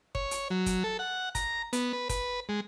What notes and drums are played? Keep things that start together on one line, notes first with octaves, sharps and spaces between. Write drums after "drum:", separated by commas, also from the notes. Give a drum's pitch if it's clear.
C#5, drum: kick
drum: hi-hat
F#3
drum: kick, hi-hat
A4
F#5
A#5, drum: kick, hi-hat
B3, drum: hi-hat
B4
B4, drum: kick, hi-hat
G#3